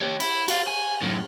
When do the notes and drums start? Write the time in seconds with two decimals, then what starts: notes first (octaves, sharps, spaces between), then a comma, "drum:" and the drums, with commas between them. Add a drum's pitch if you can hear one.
0.01 G4 C#5
0.20 E4, drum: cymbal
0.48 F#4 F5, drum: cymbal
0.67 G#5
1.02 F#2 A2